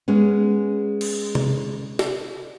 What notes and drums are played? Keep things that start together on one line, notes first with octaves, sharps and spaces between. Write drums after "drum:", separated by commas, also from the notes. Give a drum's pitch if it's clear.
G#3 B3 C#4
drum: cymbal
drum: tom C3
drum: snare